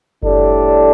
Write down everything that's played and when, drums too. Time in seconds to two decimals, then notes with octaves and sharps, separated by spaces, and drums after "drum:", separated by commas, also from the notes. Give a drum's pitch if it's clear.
0.23 A2 G3 D4 A4, drum: kick F#1